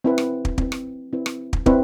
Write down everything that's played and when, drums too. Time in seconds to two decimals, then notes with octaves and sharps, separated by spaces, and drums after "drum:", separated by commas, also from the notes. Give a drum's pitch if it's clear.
0.04 C4 E4 B4
0.18 drum: rim click
0.45 drum: kick
0.58 C4 E4 B4, drum: kick
0.72 drum: rim click
1.13 C4 E4 B4
1.26 drum: rim click
1.53 drum: kick
1.66 C4 E4 B4, drum: kick